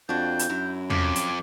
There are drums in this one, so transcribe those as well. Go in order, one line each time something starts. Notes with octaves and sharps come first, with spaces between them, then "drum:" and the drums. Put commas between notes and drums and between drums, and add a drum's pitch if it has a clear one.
F2 D4 F#4 G6
drum: hi-hat
F#2 F#3 E4
F2 D6, drum: tom
drum: hi-hat